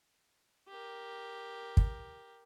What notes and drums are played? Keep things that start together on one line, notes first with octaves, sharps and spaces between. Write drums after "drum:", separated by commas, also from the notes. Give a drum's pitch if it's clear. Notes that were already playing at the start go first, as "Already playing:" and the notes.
G4 A#4
drum: kick